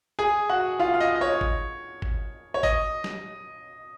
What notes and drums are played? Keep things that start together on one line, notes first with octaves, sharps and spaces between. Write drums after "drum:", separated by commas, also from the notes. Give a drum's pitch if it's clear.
G#4 G#5
F#4 F#5
F4 F5
F5
D#5
D#5
C#5
drum: kick G1
drum: kick G1
C#5
D#5, drum: kick G1
drum: snare